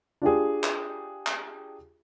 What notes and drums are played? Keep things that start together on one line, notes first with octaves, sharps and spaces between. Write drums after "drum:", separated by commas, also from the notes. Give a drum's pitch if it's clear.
D4 F4 G4 G#4
drum: clap
drum: clap